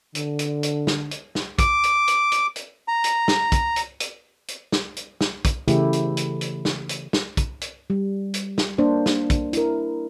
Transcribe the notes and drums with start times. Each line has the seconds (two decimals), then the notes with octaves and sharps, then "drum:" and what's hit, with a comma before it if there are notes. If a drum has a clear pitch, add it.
0.15 D3, drum: hi-hat
0.39 drum: hi-hat
0.63 drum: hi-hat
0.87 drum: snare
1.11 drum: hi-hat
1.35 drum: snare
1.59 D6, drum: kick, hi-hat
1.83 drum: hi-hat
2.08 drum: hi-hat
2.32 drum: hi-hat
2.56 drum: hi-hat
2.88 A#5
3.04 drum: hi-hat
3.28 drum: snare
3.52 drum: kick, hi-hat
3.76 drum: hi-hat
4.00 drum: hi-hat
4.48 drum: hi-hat
4.72 drum: snare
4.97 drum: hi-hat
5.21 drum: snare
5.45 drum: kick, hi-hat
5.68 C#3 E3 A3 E4 G4, drum: hi-hat
5.93 drum: hi-hat
6.17 drum: hi-hat
6.41 drum: hi-hat
6.65 drum: snare
6.89 drum: hi-hat
7.13 drum: snare
7.37 drum: kick, hi-hat
7.61 drum: hi-hat
7.90 G3
8.34 drum: hi-hat
8.58 drum: snare
8.78 A#3 D4 C5
9.06 drum: snare
9.30 drum: kick, hi-hat
9.53 E4 A#4, drum: hi-hat